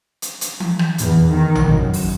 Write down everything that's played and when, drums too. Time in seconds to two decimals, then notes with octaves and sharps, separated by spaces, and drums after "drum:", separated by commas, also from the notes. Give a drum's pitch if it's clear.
0.22 drum: hi-hat
0.41 drum: hi-hat
0.60 drum: tom E3
0.79 drum: rim click
0.98 E2, drum: hi-hat
1.31 D#3
1.55 drum: tom A1
1.68 F#2
1.93 drum: open hi-hat